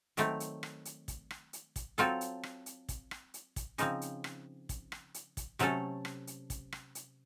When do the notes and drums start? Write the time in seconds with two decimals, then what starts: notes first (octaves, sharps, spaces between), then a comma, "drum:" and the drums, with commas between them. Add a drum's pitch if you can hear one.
0.17 D#3 F#3 A3 C4, drum: hi-hat
0.40 drum: hi-hat
0.63 drum: rim click
0.85 drum: hi-hat
1.08 drum: kick, hi-hat
1.31 drum: rim click
1.53 drum: hi-hat
1.76 drum: kick, hi-hat
1.98 F#3 C4 F4 A4, drum: hi-hat
2.21 drum: hi-hat
2.43 drum: rim click
2.66 drum: hi-hat
2.89 drum: kick, hi-hat
3.11 drum: rim click
3.34 drum: hi-hat
3.56 drum: kick, hi-hat
3.78 C#3 F3 C4 D#4, drum: hi-hat
4.02 drum: hi-hat
4.24 drum: rim click
4.69 drum: kick, hi-hat
4.92 drum: rim click
5.14 drum: hi-hat
5.37 drum: kick, hi-hat
5.59 C3 F#3 A3 C#4 A4, drum: hi-hat
6.05 drum: rim click
6.27 drum: hi-hat
6.50 drum: kick, hi-hat
6.72 drum: rim click
6.95 drum: hi-hat